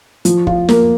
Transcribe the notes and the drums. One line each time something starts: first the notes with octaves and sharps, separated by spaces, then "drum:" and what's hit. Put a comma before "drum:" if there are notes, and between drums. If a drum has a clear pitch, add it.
F3, drum: hi-hat
F4, drum: kick
A#3, drum: snare